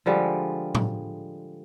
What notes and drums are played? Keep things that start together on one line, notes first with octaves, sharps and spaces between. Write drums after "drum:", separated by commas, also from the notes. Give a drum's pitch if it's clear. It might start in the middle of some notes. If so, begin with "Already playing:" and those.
D3 F3 G3 G#3
drum: tom A2